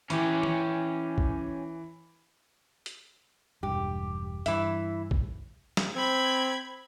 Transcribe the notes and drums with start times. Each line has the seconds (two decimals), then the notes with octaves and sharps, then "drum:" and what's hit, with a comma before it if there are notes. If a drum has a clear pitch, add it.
0.10 E3 C#4 G4, drum: hi-hat
0.43 drum: tom
1.18 drum: kick
2.86 drum: hi-hat
3.63 E1 G2 G4
4.46 G2 E3 E5, drum: hi-hat
5.11 drum: kick
5.77 drum: snare
5.95 C4 B5 G#6